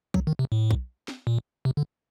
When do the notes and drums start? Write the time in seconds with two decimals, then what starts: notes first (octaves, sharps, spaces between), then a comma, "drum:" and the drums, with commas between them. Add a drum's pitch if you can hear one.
0.14 F#3, drum: kick B1
0.27 D#3
0.39 C3
0.52 A2
0.71 drum: kick B1
1.08 drum: snare
1.27 A#2
1.65 C3
1.77 D3